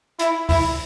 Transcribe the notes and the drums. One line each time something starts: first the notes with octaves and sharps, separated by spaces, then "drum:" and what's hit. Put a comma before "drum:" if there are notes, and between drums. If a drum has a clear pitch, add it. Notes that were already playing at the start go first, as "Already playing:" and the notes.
E4, drum: hi-hat
E4, drum: kick C#2, open hi-hat